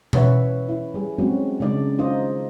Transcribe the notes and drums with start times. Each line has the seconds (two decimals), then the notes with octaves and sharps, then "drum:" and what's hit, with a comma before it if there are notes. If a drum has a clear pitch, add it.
0.13 E3 C#4 B4 C#5 E5 F#5, drum: tom B2
0.69 E4
0.94 G3 G#4
1.18 F#3 G#3 C4 C#4 F#4
1.60 C#3 G#3 D4 D#4 D5
1.98 D4 D#4 F4 C5 D#5